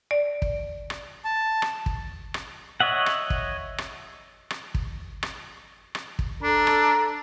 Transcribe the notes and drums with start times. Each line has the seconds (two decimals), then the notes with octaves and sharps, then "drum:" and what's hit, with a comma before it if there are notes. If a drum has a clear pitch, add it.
0.11 D5
0.42 drum: kick
0.90 drum: rim click
1.24 A5
1.62 drum: rim click
1.86 drum: kick
2.34 drum: rim click
2.80 C#5 D#5 E5 F#5
3.06 drum: rim click
3.30 drum: kick
3.78 drum: rim click
4.50 drum: rim click
4.75 drum: kick
5.23 drum: rim click
5.95 drum: rim click
6.19 drum: kick
6.43 D4 A4 A#5
6.67 drum: rim click